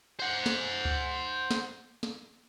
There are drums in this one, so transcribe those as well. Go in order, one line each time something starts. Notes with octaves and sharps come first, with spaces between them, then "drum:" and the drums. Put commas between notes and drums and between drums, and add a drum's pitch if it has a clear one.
C5 F#5
drum: snare
drum: kick D2
drum: snare
drum: snare